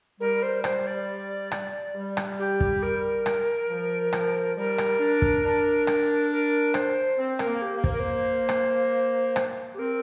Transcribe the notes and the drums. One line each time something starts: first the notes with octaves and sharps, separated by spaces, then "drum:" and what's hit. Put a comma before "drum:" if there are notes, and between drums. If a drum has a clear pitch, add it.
G3 A#4
C5
C5, drum: rim click
D5
drum: rim click
G3
drum: rim click
G4
drum: kick
A#4
drum: rim click
F3
F3, drum: rim click
G3 A#4
drum: rim click
D4
drum: kick
D4
drum: rim click
A#4
C5, drum: rim click
C4
A#4, drum: rim click
A#3
G4
A#3
C5, drum: kick
A#4
C5
drum: rim click
drum: rim click
G4
C4 A#4